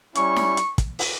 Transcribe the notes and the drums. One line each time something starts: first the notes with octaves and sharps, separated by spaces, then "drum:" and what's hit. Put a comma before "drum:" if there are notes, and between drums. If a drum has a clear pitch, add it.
G3 C#4 E4 C#6, drum: hi-hat
drum: snare
drum: hi-hat
drum: kick, hi-hat
drum: open hi-hat